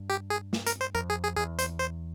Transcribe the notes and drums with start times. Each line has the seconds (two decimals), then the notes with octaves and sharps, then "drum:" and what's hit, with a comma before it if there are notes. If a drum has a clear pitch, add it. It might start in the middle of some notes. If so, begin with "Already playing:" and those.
Already playing: G2
0.10 G4
0.30 G#4
0.53 drum: snare
0.66 A#4, drum: hi-hat
0.81 C5
0.95 F2 A#4
1.10 G#4
1.23 G#4
1.37 E2 G#4
1.59 C5, drum: hi-hat
1.79 C5